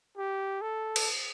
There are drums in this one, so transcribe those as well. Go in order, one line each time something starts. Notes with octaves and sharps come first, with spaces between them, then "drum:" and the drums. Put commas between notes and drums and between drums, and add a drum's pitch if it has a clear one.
G4
A4
drum: cymbal